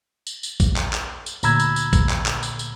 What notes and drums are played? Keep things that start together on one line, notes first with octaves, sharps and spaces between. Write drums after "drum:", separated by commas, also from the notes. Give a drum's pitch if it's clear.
drum: tambourine
drum: tambourine
drum: kick A1, tambourine
drum: clap
drum: clap
drum: tambourine
D2 A#2 A#5 B5 E6 G#6, drum: tambourine
drum: tambourine
drum: tambourine
drum: kick A1, tambourine
drum: clap
drum: clap
drum: tambourine
drum: tambourine